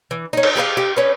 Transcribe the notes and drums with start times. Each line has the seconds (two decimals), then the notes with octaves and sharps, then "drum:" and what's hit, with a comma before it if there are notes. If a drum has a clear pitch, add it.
0.11 E3
0.33 C#4 D#4
0.43 drum: cymbal
0.56 G4 G#4 B4 F5
0.77 G4
0.97 C#4 B4